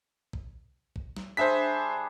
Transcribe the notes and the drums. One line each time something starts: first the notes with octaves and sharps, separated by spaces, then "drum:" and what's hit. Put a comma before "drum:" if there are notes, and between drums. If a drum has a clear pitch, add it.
drum: kick A1
drum: kick A1
drum: snare
G3 D4 G#4 C5 E5 B6